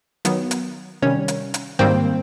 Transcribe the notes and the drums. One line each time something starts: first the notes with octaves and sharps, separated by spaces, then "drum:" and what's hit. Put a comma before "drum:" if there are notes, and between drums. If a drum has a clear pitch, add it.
D#3 F#3 B3, drum: hi-hat
drum: hi-hat
C3 D#3 G3 C#4 C#5
drum: hi-hat
drum: hi-hat
G#2 D#3 G3 A#3 C4 C5